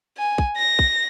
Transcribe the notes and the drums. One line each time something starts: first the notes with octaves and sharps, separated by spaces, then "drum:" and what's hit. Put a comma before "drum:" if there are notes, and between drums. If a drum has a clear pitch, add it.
G#5
drum: kick
A#6
drum: kick